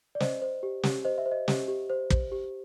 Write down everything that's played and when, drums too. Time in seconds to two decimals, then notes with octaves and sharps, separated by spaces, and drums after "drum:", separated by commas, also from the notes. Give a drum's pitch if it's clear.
0.15 D5
0.20 C5 D#5, drum: snare
0.42 C5
0.63 G4
0.83 G4, drum: snare
1.05 C5 D#5
1.18 E5
1.26 C5
1.32 D#5
1.48 G4, drum: snare
1.68 G4
1.90 C5
2.10 C5, drum: kick
2.32 G4